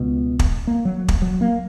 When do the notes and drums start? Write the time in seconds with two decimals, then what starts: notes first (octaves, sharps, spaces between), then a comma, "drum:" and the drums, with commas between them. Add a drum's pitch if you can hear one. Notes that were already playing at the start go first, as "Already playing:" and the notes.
Already playing: C#2 B2 G#3
0.39 drum: kick
0.67 A#3
0.85 F#3
1.08 drum: kick
1.22 F#3
1.41 A#3